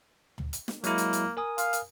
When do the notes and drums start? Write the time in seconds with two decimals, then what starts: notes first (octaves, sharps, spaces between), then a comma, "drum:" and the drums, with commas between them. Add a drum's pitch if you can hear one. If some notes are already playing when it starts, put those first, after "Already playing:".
0.38 drum: tom
0.53 drum: hi-hat
0.68 drum: snare
0.84 F#3 G#3 A#3 E4, drum: hi-hat
0.98 drum: hi-hat
1.13 drum: hi-hat
1.37 A#4 G#5 D#6
1.58 F5, drum: hi-hat
1.73 drum: hi-hat